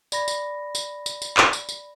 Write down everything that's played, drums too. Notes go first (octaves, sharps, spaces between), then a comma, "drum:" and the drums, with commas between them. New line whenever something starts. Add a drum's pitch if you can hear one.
D5 B5 A#6, drum: tambourine
drum: tambourine
drum: tambourine
drum: tambourine
drum: tambourine
drum: clap
drum: tambourine
drum: tambourine